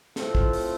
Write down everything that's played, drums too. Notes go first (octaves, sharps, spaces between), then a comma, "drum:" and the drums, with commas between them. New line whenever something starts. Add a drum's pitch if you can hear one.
A2 A3 C4 F4 A4, drum: snare
drum: kick
drum: open hi-hat